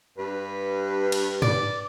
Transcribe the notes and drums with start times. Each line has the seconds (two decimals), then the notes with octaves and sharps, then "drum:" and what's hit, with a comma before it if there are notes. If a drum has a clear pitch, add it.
0.18 G2 B4
1.12 drum: cymbal
1.42 D5, drum: tom G2